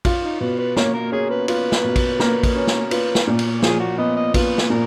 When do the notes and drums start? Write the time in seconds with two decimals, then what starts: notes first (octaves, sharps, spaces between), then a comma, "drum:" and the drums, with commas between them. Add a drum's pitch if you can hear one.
0.05 F4, drum: kick, cymbal
0.23 D#4
0.40 B2 B4
0.59 B4
0.76 A#3 C#5, drum: snare
0.94 A#4
1.12 C#4 G#4
1.30 B4
1.48 F4 B4, drum: cymbal
1.72 drum: snare
1.84 B2
1.96 drum: kick, cymbal
2.20 A#3, drum: snare
2.43 drum: kick, cymbal
2.56 C#4
2.67 drum: snare
2.91 F4 B4, drum: cymbal
3.15 drum: snare
3.27 A#2
3.39 drum: cymbal
3.62 F3 G#4, drum: snare
3.80 F#4
3.98 B3 D#5
4.16 D#5
4.34 F4 B4, drum: kick, cymbal
4.58 drum: snare
4.70 A#2 A#4